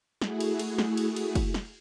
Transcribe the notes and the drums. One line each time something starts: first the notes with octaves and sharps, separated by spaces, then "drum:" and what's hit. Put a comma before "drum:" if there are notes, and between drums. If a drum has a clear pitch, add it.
A3 E4 F#4 G#4, drum: snare
drum: cymbal
drum: cymbal
drum: snare
drum: cymbal
drum: cymbal
drum: kick, cymbal
drum: snare